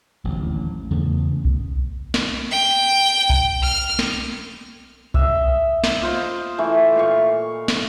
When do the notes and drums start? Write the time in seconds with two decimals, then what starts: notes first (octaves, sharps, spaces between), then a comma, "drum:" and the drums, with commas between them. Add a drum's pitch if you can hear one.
0.24 D1 A1 D#2
0.91 E2 C#3 A3 B3
1.45 drum: kick B1
2.14 drum: snare
2.51 G5
3.30 drum: kick B1
3.63 F6
3.99 drum: snare
5.14 D#5 E5, drum: kick B1
5.84 drum: snare
6.02 F4 C5 D#5
6.58 E3 A3
6.95 A#2 F5 C#6
7.68 drum: snare